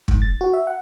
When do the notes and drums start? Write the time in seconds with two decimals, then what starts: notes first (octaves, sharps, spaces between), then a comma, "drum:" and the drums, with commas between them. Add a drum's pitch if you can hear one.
0.08 G#2, drum: kick
0.22 A6
0.41 F#4
0.53 E5
0.67 F#5